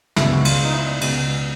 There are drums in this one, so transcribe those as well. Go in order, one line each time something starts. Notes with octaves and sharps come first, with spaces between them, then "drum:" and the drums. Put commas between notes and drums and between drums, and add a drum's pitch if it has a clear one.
C#2 B2 E4, drum: snare
F#4
F4, drum: cymbal
D#4
E4
C#2 B2, drum: cymbal